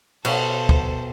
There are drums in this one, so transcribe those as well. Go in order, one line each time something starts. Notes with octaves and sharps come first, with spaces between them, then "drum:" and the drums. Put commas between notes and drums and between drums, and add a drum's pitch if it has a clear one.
B2 A4 C5, drum: cymbal
drum: kick